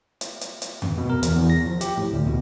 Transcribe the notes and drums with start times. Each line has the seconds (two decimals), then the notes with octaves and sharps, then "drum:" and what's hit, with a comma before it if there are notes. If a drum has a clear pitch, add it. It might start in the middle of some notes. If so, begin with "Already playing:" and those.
0.21 drum: hi-hat
0.41 drum: hi-hat
0.62 drum: hi-hat
0.82 drum: tom F2
0.98 B2
1.10 A#4
1.23 E2, drum: hi-hat
1.37 E2
1.50 A#6
1.66 F3
1.81 G4, drum: hi-hat
1.98 A2
2.13 D2
2.27 B2